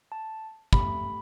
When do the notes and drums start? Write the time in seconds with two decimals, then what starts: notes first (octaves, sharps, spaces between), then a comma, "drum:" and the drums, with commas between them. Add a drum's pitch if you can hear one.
0.12 A5
0.73 A3 G4 B5, drum: kick